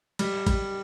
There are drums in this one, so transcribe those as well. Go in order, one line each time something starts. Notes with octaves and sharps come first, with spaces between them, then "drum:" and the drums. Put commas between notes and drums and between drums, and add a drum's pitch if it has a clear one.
G3, drum: cymbal
G3, drum: kick A1, cymbal